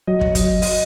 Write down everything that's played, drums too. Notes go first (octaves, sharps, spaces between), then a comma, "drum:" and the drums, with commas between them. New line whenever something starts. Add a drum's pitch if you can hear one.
F#3 D#5
drum: kick
D#5, drum: kick, hi-hat
D#5, drum: open hi-hat